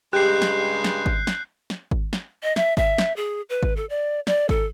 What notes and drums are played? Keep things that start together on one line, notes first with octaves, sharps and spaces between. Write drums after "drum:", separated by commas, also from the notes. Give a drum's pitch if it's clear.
G2 C#3 G#3 G4 F#6 G6 C7
drum: snare
drum: snare
drum: kick G#1
drum: snare
drum: snare
drum: kick G#1
drum: snare
D#5
E5, drum: snare
E5, drum: kick G#1
drum: snare
G#4
B4
drum: kick G#1
A4
D5
D5, drum: snare
A4, drum: kick G#1